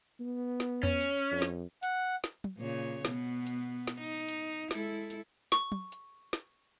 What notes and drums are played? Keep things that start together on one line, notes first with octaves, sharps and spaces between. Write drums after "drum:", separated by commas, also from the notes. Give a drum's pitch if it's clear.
B3
drum: snare
C#4, drum: tom E2
drum: hi-hat
F2
drum: snare
F#5, drum: hi-hat
drum: snare
drum: tom
A#2 C#3 C#5
B2 B3, drum: snare
drum: hi-hat
drum: snare
D#4
drum: hi-hat
G#3 E4 A4, drum: snare
drum: hi-hat
C#6, drum: snare
drum: tom
drum: hi-hat
drum: snare